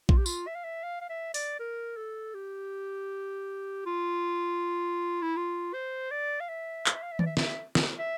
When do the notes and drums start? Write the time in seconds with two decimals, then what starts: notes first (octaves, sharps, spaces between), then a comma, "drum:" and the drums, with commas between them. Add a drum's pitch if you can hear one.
0.09 F4, drum: kick A#1
0.18 G4
0.26 F4, drum: tambourine
0.47 E5
0.55 F5
0.64 E5
0.84 F5
1.01 F5
1.09 E5
1.34 D5, drum: open hi-hat
1.59 A#4
1.97 A4
2.34 G4
3.86 F4
5.22 E4
5.36 F4
5.74 C5
6.11 D5
6.40 F5
6.49 E5
6.86 F5, drum: clap
6.94 E5
7.03 F5
7.12 E5
7.19 D5, drum: tom D#3
7.26 E5
7.37 E5, drum: snare
7.75 drum: snare
7.99 E5